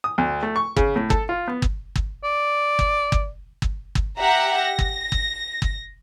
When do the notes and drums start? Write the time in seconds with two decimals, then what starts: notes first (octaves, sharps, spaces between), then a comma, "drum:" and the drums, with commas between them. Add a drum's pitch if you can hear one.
0.04 D#6
0.18 D2
0.43 A3
0.56 C#6
0.76 C#3, drum: kick
0.96 A2
1.10 A4, drum: kick
1.29 F4
1.48 B3
1.62 drum: kick
1.96 drum: kick
2.24 D5
2.79 drum: kick
3.12 drum: kick
3.62 drum: kick
3.95 drum: kick
4.18 G4 E5 F#5 A#5
4.60 A#6
4.79 drum: kick
5.12 drum: kick
5.62 drum: kick